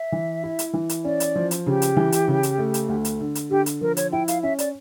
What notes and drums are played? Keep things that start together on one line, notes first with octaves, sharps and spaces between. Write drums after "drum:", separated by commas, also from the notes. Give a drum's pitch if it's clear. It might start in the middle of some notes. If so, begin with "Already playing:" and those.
Already playing: E5
E3
E4
drum: hi-hat
E3
drum: hi-hat
C#4 D5
drum: hi-hat
F3
drum: hi-hat
C#3 G4
drum: hi-hat
E3
drum: hi-hat
C#3
drum: hi-hat
A3
drum: hi-hat
D2
drum: hi-hat
D3
drum: hi-hat
D3 G4
drum: hi-hat
F3 A#4
C#5, drum: hi-hat
E4 G5
F5, drum: hi-hat
C#4 E5
D5, drum: hi-hat